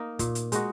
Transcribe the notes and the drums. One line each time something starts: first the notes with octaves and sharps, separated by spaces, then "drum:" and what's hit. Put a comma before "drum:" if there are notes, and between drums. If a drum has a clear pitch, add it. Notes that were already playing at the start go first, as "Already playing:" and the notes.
Already playing: A#3 D#4
A#2, drum: kick, hi-hat
drum: hi-hat
G#3 D#4 F#4, drum: hi-hat